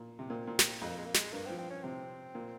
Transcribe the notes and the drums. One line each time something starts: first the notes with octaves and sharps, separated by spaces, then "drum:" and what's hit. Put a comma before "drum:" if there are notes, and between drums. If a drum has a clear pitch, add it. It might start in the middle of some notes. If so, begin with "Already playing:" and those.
Already playing: A#2
C3
A#2 C4
A#2
drum: snare
F2 G#3
A#3
G#3
A#3
G#3, drum: snare
G2 A#3
F3 C4
C4
C#4
C3 C4
A#2